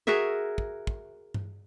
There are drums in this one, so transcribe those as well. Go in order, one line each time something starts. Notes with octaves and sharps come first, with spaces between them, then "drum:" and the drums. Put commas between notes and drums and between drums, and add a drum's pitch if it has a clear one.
F#4 G#4 A#4 E5
drum: kick
drum: kick
drum: tom G2